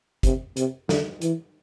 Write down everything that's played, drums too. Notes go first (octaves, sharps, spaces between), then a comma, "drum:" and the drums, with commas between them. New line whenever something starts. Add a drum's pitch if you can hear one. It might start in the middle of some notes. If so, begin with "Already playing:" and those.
C3, drum: kick, hi-hat
C3, drum: hi-hat
D3, drum: snare
E3, drum: hi-hat